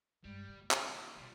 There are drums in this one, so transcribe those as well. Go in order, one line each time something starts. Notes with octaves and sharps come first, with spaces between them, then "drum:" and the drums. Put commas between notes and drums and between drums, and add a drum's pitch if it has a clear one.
G2 G3 G#3
D3
F4, drum: clap
A#2 D#3
B2 G3 B3 F4